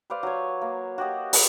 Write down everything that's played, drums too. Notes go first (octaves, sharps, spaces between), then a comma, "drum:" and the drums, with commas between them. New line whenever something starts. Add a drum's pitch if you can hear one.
B4 C5 D5 F5
F#3 C#5
A#3
F#4 G4 D#5
B4, drum: open hi-hat